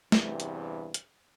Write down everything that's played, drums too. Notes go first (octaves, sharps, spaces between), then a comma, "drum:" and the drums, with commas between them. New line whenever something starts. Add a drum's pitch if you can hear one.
E2 G2 C3 E3, drum: snare
drum: hi-hat
drum: hi-hat